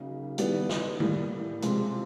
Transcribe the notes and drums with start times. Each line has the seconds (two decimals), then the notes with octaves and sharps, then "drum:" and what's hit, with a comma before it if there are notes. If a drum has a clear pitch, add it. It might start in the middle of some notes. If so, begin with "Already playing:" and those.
Already playing: C#3 F#3 A#3 D#4
0.38 D#3 G3 B3 E4 G4, drum: hi-hat
0.69 drum: snare
1.00 A2 E3 G3 A#3, drum: tom
1.62 C3 F3 G#3 C4 F4, drum: hi-hat